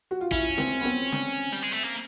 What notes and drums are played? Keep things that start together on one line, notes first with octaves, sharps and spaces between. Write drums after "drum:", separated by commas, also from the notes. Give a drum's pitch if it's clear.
F#4
F4
C#4 E4, drum: kick
C4, drum: snare
B3
C4
drum: snare
G3
G#3
A3
A#3